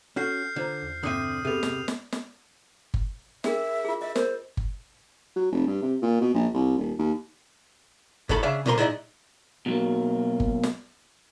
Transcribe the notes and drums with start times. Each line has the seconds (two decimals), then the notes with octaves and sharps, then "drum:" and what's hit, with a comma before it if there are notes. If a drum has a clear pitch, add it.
0.16 C#4 F#4 A4 F6 G6 C7
0.56 D3 F4 C5 A#5
0.82 E2
1.03 G2 B2 D3 C4 E5 D#6 D#7
1.45 C3 B3 G#4 A4 E5 D#7 F7
1.63 drum: snare
1.88 drum: snare
2.12 drum: snare
2.94 drum: kick G1
3.44 D4 G#4 A#4 E5, drum: snare
3.85 F4 G#4
4.02 D#5 E5
4.16 A#4 C5, drum: snare
4.57 drum: kick G1
5.36 F#3
5.51 F1
5.67 G2
5.82 C3
6.02 A#2
6.21 B2
6.34 A#1
6.54 C2
6.78 D#1
6.98 D#2
8.29 F#2 A2 A3 A4 B5, drum: kick G1
8.43 C#3 D4 G#4 E5 F5
8.66 D2 D3 F3 A#4 C6, drum: tom A#2
8.78 G#3 D#4 E4 D5 D#5
9.66 B2 F#3 A#3
10.40 drum: kick G1
10.63 drum: snare